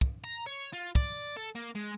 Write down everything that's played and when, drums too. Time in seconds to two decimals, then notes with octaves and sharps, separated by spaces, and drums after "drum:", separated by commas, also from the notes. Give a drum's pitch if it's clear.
0.01 drum: kick
0.24 A#5
0.47 C#5
0.73 F4
0.95 D5, drum: kick
1.37 A4
1.55 A#3
1.75 G#3